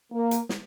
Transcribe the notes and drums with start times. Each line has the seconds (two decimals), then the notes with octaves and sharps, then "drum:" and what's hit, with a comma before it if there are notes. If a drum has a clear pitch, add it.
0.13 A#3
0.31 drum: hi-hat
0.49 drum: snare